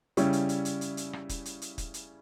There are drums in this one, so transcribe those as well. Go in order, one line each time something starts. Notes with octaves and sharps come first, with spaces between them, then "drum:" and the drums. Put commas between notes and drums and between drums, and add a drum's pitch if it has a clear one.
C#3 G3 C#4 E4, drum: hi-hat
drum: hi-hat
drum: hi-hat
drum: hi-hat
drum: hi-hat
drum: hi-hat
drum: rim click
drum: kick, hi-hat
drum: hi-hat
drum: hi-hat
drum: kick, hi-hat
drum: hi-hat